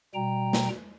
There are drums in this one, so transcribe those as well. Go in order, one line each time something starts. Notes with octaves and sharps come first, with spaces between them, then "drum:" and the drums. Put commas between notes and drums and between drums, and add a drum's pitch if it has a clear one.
B2 G3 G5 A#5
drum: snare